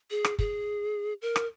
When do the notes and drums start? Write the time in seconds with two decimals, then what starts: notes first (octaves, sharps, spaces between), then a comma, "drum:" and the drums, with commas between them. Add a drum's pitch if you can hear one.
0.11 G#4
0.24 drum: rim click
0.39 G#4, drum: kick
1.22 A#4
1.36 drum: rim click